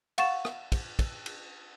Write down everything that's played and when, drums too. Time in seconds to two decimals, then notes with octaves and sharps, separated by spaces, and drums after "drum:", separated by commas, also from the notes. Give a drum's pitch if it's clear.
0.18 F5 F#5 C#6 A6 E7, drum: cymbal
0.45 drum: rim click
0.72 drum: kick, cymbal
0.99 drum: kick, cymbal
1.26 drum: cymbal